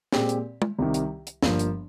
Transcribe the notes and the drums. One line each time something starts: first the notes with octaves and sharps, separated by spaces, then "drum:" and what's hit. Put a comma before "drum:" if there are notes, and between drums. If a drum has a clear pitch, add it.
A#2 G#3 C4 G4, drum: snare
drum: hi-hat
drum: tom
C2 C3 D#3
drum: hi-hat
drum: hi-hat
G1 G2 F3 A#3, drum: snare
drum: hi-hat